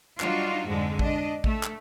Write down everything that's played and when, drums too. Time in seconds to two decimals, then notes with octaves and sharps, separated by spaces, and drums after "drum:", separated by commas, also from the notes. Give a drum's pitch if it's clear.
0.20 F#3 G3 D4 D#4 F4 F#4, drum: clap
0.67 F2 G#2 D3 G#3 D4
0.99 D4 D#5, drum: kick A1
1.44 A3, drum: kick A1
1.63 drum: clap